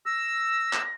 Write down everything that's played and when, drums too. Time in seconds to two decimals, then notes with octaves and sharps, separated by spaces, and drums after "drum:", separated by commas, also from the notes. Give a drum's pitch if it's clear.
0.06 E6 A#6
0.73 drum: clap